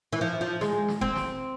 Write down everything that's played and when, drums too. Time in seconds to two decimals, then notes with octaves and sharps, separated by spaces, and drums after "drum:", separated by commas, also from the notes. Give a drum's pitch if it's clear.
0.12 E3
0.21 F3
0.41 F3
0.61 G#3, drum: snare
0.88 drum: snare
1.01 C4, drum: kick E1
1.16 drum: snare